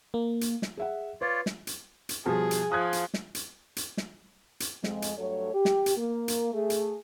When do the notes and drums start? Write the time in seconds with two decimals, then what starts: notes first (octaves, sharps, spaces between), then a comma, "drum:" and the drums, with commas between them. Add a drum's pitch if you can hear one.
0.14 A#3
0.41 drum: hi-hat
0.62 drum: snare
0.77 G#4 E5 F#5
1.21 F4 B4 C#5 D5
1.46 drum: snare
1.67 drum: hi-hat
2.09 drum: hi-hat
2.26 B2 F3 G3 G#4
2.51 drum: hi-hat
2.72 F3 D#6 F#6 G#6
2.93 drum: hi-hat
3.14 drum: snare
3.35 drum: hi-hat
3.76 drum: hi-hat
3.97 drum: snare
4.60 drum: hi-hat
4.84 F2 G#3, drum: snare
5.02 drum: hi-hat
5.17 G2 F#3 A3 A4 C#5
5.54 G4
5.65 drum: snare
5.86 drum: hi-hat
5.97 A#3
6.28 drum: hi-hat
6.53 A3 G#4
6.70 drum: hi-hat